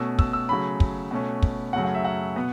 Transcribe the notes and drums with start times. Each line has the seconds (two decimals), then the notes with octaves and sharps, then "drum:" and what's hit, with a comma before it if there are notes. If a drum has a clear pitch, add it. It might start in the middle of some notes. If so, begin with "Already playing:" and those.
Already playing: B2 A3 C#4 E6
0.19 E6, drum: kick
0.33 E6
0.49 C#3 F#3 A3 C#4 B5
0.80 drum: kick
1.11 B2 A3 C#4
1.43 drum: kick
1.73 F#2 C#3 F#3 A3 C#4 F#5
1.84 F#5
1.95 E5
2.05 F#5
2.36 B2 B3